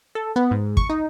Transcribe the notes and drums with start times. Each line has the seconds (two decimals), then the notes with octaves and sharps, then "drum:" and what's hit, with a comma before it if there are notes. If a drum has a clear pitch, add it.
0.15 A4
0.36 B3
0.51 G#2
0.77 C#6, drum: kick
0.90 D#4